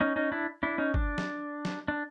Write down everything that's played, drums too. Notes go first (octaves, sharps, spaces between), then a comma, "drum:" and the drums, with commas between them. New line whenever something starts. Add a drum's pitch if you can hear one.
C#4 D#4
C#4 D#4
D4 E4
D4 E4
C#4 D#4
D4, drum: kick
drum: snare
drum: snare
D4